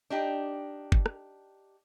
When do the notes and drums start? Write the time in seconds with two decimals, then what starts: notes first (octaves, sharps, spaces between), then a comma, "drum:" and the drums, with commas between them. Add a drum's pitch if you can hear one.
0.10 D4 D#4 G4
0.92 drum: kick F#1
1.06 drum: rim click